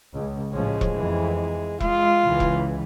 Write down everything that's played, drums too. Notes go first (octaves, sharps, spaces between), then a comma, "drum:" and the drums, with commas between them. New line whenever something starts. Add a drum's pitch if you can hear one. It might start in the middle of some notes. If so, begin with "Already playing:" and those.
C#2
A1 F3 G#3 C#4
drum: kick E1
F2 E3
G#3 F4, drum: kick E1
C#2 E3
drum: kick E1